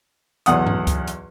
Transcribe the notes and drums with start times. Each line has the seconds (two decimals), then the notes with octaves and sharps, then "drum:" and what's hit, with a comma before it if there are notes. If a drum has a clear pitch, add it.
0.46 B1 E2 F#5 D#6, drum: hi-hat
0.67 drum: tom G2
0.87 drum: kick C#2, hi-hat
1.08 drum: hi-hat